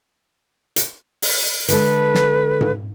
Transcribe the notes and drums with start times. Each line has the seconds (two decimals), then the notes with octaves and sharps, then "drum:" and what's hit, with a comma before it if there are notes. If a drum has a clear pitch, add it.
0.76 drum: hi-hat
1.22 drum: open hi-hat
1.68 D3 G#3 A4 B4, drum: hi-hat
2.15 drum: snare
2.61 drum: tom G#2